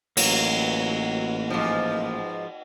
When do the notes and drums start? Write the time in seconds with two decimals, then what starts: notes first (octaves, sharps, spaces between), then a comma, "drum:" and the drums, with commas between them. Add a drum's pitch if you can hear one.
0.17 A1 F#3 A#3, drum: cymbal
1.50 G#2 F3